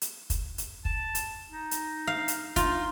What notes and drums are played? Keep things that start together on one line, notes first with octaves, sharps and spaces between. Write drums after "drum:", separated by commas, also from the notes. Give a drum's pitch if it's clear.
drum: hi-hat
drum: kick, hi-hat
drum: hi-hat
A5, drum: kick
drum: hi-hat
D#4
drum: hi-hat
F5
drum: hi-hat
D#4 F4, drum: kick, hi-hat